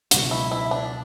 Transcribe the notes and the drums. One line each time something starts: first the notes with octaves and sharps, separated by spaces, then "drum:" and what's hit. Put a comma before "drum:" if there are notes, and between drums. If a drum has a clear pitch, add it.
C#2 B2 F#3 F#4, drum: hi-hat
E4
E4
D4